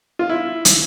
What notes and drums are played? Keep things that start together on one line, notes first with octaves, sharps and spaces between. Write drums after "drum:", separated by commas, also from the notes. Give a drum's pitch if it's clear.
F4
E4
drum: hi-hat